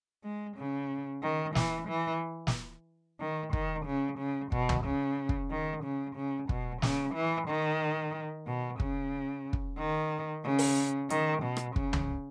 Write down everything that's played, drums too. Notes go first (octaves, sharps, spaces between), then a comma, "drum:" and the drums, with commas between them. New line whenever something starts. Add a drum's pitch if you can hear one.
G#3
C#3
D#3
E3, drum: snare
E3
drum: snare
D#3
D#3, drum: kick
C#3
C#3
B2, drum: kick
drum: tom
C#3
drum: kick
D#3
C#3
C#3
B2, drum: kick
C#3, drum: snare
E3
D#3
B2
C#3, drum: kick
drum: kick
D#3
C#3
drum: open hi-hat
D#3, drum: hi-hat
B2
drum: rim click
C#3, drum: kick
drum: tom